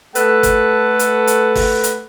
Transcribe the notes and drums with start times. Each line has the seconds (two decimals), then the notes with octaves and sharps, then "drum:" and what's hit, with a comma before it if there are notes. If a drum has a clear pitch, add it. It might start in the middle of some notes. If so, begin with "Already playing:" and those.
0.15 A3 A4 B4 F#5, drum: hi-hat
0.43 drum: kick G1, hi-hat
0.99 drum: hi-hat
1.27 drum: hi-hat
1.55 drum: kick G1, open hi-hat
1.84 drum: hi-hat